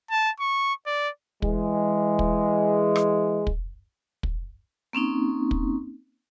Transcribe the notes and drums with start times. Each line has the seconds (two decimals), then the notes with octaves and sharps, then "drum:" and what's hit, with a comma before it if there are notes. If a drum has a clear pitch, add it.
0.11 A5
0.40 C#6
0.86 D5
1.42 E3 G#3, drum: kick
2.19 drum: kick
2.96 drum: rim click
3.47 drum: kick
4.23 drum: kick
4.93 A#3 C4 C#4 D#4
5.51 drum: kick